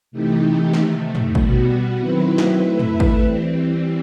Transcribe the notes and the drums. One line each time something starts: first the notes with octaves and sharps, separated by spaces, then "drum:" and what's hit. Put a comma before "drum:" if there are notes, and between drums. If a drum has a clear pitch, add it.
C3 E3 A3 D#4 G4
C3 D#3 A3, drum: snare
drum: tom
B2 G3 B3 F#4, drum: kick
D#3 F#3 C4 E4 B4
drum: snare
A3 E4 B4 E5
drum: tom
drum: kick
E3 G3 C4